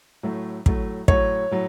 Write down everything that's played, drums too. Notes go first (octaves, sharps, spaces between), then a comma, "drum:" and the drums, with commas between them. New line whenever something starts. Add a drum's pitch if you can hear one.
A2 F#3 A3
A2 F#3 A3, drum: kick
A2 F#3 A3 C#5, drum: kick
A2 F#3